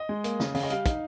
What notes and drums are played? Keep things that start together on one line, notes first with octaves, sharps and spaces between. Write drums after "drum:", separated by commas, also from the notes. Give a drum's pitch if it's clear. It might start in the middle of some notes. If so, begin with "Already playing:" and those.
Already playing: D#5
G#3
A#3, drum: hi-hat
C#3, drum: snare
C#3 F5, drum: open hi-hat
D#5
G3 F5, drum: hi-hat
D#4, drum: kick, hi-hat